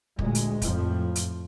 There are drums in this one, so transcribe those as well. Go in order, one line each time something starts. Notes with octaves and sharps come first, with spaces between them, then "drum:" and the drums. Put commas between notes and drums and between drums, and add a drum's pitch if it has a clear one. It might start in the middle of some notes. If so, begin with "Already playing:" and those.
D2 A#2 G#3, drum: kick
drum: hi-hat
F2 A2 F3, drum: kick, hi-hat
drum: hi-hat